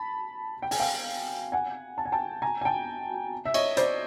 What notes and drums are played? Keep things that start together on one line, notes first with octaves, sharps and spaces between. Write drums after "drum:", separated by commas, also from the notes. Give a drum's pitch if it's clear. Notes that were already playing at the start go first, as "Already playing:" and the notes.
Already playing: A5 B5
G5
G#5, drum: open hi-hat
F5 G5
F#5 G#5
A5
G#5
G5 A5
G#5 A#5
G#5
G5 A5
E5
C#5 D#5, drum: cymbal
C5 D5, drum: hi-hat